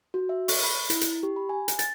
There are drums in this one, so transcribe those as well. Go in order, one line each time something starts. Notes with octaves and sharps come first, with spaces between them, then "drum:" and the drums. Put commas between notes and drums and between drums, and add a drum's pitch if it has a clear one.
F#4
E5
C#6, drum: open hi-hat
B5
E4, drum: hi-hat
drum: hi-hat
G4
B5
G#5
drum: hi-hat
A6, drum: hi-hat